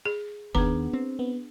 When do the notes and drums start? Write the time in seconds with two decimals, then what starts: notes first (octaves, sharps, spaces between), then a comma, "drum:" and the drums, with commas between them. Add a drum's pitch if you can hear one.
0.05 G#4
0.55 D#2 D#3 B3 D4 G#4 A#5, drum: kick F1
0.93 C4
1.19 B3